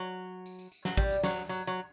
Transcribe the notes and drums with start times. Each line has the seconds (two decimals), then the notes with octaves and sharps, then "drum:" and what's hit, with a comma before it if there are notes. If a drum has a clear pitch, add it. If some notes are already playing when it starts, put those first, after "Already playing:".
Already playing: F#3
0.46 drum: tambourine
0.59 drum: tambourine
0.72 drum: tambourine
0.85 F#3, drum: snare
0.97 G3, drum: kick, tambourine
1.11 drum: tambourine
1.23 F#3, drum: snare
1.37 drum: tambourine
1.49 F#3, drum: tambourine
1.67 F#3